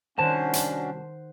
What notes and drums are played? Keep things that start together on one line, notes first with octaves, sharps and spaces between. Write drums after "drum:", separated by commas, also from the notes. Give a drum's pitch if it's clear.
C2 D#3 C#4 D4 F#4 C5 F#5 A5
drum: hi-hat